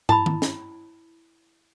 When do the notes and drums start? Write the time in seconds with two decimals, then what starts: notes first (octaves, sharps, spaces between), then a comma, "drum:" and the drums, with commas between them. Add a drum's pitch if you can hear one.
0.09 E4 A5 B5, drum: tom
0.26 drum: tom D#3
0.42 drum: snare